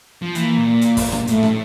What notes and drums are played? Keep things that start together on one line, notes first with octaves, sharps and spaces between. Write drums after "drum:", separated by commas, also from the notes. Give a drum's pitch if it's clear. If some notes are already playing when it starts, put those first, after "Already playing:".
F3
E3 A#3, drum: hi-hat
A#2
drum: hi-hat
drum: kick, open hi-hat
drum: rim click
A2 A3, drum: hi-hat
drum: rim click